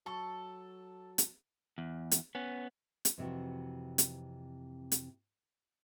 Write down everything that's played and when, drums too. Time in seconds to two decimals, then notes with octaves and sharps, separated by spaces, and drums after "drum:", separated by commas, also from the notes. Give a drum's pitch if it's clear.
0.06 F#3 A4 A5 C#6
1.18 drum: hi-hat
1.78 E2
2.11 drum: hi-hat
2.35 B3 C#4
3.05 drum: hi-hat
3.18 F2 C3 E3 F#4
3.98 drum: hi-hat
4.92 drum: hi-hat